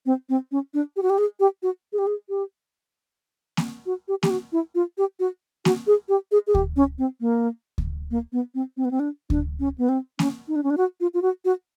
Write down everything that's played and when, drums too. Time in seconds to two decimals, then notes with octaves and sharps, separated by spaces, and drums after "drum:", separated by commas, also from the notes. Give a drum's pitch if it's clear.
0.06 C4
0.29 C4
0.52 C#4
0.74 D4
0.96 G4
1.03 F#4
1.10 G4
1.18 G#4
1.40 G4
1.63 F#4
1.93 G#4
1.99 G4
2.07 G#4
2.29 G4
3.57 drum: snare A#3
3.86 F#4
4.08 G4
4.23 G4, drum: snare A#3
4.30 F#4
4.52 E4
4.75 F4
4.98 G4
5.20 F#4
5.65 F#4, drum: snare A#3
5.87 G#4
6.09 G4
6.32 G#4
6.47 G#4
6.55 G4, drum: kick D2
6.76 C#4
6.98 C4
7.21 A#3
7.78 drum: kick D2
8.11 A#3
8.33 B3
8.55 C4
8.77 C4
8.85 B3
8.91 C4
9.00 D4
9.30 D4, drum: kick D2
9.60 C#4
9.78 B3
9.89 C4
10.19 C#4, drum: snare A#3
10.48 D#4
10.56 D4
10.64 C#4
10.70 D4
10.78 F#4
11.01 F4
11.14 F4
11.22 F#4
11.45 F#4